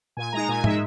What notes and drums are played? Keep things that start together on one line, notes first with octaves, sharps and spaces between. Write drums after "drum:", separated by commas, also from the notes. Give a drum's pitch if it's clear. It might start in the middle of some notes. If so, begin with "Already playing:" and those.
A#2 G#5
G#3 D#4 A#5
A#2 G#5
G#3 D#4 E5, drum: tom